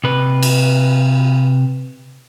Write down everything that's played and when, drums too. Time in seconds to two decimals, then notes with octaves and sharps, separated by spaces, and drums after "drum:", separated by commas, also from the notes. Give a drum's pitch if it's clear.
0.04 C3 B4
0.43 drum: cymbal